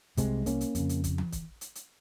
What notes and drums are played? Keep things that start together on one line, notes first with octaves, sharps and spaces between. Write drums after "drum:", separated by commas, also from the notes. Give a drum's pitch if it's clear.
C2 C3 G#3 C4, drum: kick, hi-hat
A#3 C#4, drum: hi-hat
drum: hi-hat
F2 C#3, drum: hi-hat
drum: hi-hat
drum: kick, hi-hat
drum: tom E3
drum: kick, hi-hat
drum: hi-hat
drum: hi-hat